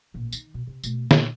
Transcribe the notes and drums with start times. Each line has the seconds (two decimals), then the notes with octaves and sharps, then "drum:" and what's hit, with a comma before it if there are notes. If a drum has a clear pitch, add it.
0.14 A1 A#2
0.33 D#3, drum: tambourine
0.54 B2
0.67 C3
0.84 B2 A3, drum: tambourine
1.11 A#2, drum: snare